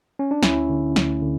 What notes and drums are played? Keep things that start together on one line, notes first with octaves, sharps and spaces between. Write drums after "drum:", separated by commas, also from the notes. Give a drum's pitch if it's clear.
C#4
D4
D2 C#4 E4, drum: snare
D3
D2, drum: snare
D3